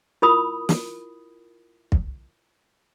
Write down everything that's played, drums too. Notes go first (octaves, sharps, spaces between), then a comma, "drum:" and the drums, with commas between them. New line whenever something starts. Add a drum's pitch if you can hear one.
E4 F4 A#4 B5 D#6
drum: snare
drum: kick